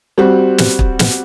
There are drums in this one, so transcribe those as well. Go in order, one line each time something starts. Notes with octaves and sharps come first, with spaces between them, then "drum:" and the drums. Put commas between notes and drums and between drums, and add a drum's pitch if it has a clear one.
G3 C4 F#4
drum: snare
drum: kick
drum: snare